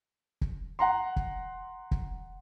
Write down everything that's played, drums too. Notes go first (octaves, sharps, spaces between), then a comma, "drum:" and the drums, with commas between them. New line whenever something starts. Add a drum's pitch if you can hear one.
drum: kick
F#5 A#5 C6
drum: kick
drum: kick